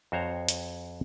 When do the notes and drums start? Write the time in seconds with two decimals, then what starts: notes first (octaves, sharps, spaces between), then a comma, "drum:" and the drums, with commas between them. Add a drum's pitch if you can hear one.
0.12 F2 F#4 C5 C#5 A#5
0.49 drum: hi-hat